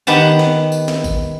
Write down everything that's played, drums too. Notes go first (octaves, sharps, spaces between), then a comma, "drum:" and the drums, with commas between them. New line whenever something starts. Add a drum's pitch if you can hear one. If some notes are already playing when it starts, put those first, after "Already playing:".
D#3 B3 G4 F#5 A5, drum: tambourine
drum: snare
drum: tambourine
drum: snare
drum: kick A1, tambourine